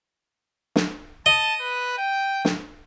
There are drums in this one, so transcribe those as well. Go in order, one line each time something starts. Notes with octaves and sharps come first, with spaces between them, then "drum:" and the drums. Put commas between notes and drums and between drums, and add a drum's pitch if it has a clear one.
drum: snare
D#5 A5
B4
G5
drum: snare